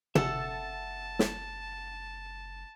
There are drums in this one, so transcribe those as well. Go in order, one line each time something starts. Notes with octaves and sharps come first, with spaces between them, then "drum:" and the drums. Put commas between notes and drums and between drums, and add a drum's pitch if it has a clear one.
F#1 A4 E5 F#5 A5, drum: tom
drum: snare